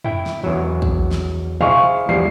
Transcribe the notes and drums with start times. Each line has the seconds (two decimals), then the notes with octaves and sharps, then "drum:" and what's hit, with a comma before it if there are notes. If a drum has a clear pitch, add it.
0.04 E4 G5, drum: tom F2
0.26 drum: snare
0.44 E2 F#3
0.82 drum: kick
1.11 drum: snare
1.61 E4 G#4 C5 F5 C#6, drum: tom A#2
2.09 E2 F3 G3 C7